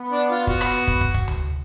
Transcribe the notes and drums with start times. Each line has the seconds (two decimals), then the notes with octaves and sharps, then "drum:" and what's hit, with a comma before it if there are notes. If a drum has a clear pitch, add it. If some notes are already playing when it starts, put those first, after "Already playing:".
Already playing: B3
0.11 D4
0.30 F4
0.47 B3 F#4, drum: kick
0.61 drum: rim click
0.88 drum: kick
1.01 drum: kick
1.14 drum: kick
1.28 drum: tom D2